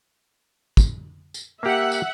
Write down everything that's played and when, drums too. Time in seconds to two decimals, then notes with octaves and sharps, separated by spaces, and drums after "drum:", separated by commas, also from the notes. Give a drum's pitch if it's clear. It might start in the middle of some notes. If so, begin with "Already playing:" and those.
0.77 drum: kick, tambourine
1.34 drum: tambourine
1.63 A#3 G4 E5 F#5
1.92 drum: tambourine